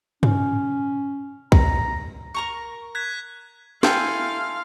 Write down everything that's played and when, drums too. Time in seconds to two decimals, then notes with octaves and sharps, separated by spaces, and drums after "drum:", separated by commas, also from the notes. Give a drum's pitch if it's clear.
0.23 C#4, drum: tom G2
1.52 A#5, drum: kick
2.34 A#4 A#5 C#6
2.95 F#6 G#6 B6
3.83 E4 A4 F5 G5 G#5 C6, drum: snare